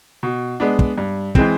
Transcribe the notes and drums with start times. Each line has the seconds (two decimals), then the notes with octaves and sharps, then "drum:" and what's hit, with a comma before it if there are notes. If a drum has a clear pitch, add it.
0.23 B2
0.60 G#3 B3 D4
0.79 drum: kick
0.98 G2
1.35 E3 G#3 C4, drum: kick